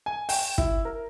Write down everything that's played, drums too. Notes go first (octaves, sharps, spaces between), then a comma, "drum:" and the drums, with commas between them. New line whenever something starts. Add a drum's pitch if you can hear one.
G#5
G5, drum: open hi-hat
E4, drum: kick
A#4